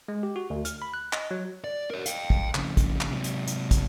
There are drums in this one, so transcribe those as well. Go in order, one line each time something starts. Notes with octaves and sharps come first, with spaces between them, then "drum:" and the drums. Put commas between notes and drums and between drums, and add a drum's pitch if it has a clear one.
G#3
G4
F#4
D2
F6, drum: hi-hat
B5
F#6
D#5, drum: clap
F#3
D5
A#4 C#5
F5 G5, drum: hi-hat
drum: kick
F2 C#3, drum: clap
drum: kick, hi-hat
drum: clap
C3 F#3
drum: hi-hat
drum: hi-hat
drum: kick, hi-hat